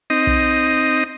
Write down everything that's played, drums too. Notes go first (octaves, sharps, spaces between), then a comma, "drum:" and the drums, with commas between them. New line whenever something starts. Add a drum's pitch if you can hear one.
C4 D#4 D#5
drum: kick B1